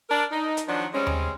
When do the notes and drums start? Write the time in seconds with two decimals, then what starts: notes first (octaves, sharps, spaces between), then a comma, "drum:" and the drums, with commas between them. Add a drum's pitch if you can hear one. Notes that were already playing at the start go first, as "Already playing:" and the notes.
0.10 D4 A#4
0.31 D#4
0.57 drum: hi-hat
0.67 D#3 F3 F#3 D4
0.94 G3 G#3 C4 C#4
1.07 drum: tom D#2